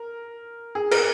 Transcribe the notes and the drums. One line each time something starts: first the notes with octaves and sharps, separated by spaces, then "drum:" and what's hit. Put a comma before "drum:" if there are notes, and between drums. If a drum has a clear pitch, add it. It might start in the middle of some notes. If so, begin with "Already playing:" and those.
Already playing: A#4
G#4
A#4, drum: cymbal